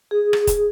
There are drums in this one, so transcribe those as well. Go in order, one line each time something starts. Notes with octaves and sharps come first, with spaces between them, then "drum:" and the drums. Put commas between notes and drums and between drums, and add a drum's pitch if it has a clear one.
G#4
drum: rim click
drum: kick, hi-hat